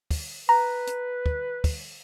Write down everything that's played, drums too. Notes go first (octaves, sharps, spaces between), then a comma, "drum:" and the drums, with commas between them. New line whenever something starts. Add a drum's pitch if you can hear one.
drum: kick, open hi-hat
B4 A#5
drum: hi-hat
drum: kick
drum: kick, open hi-hat